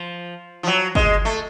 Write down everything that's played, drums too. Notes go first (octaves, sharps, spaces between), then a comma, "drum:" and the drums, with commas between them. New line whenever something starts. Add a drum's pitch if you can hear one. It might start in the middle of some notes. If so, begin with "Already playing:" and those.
Already playing: F3
F3
F#3
G#3, drum: kick G1
A3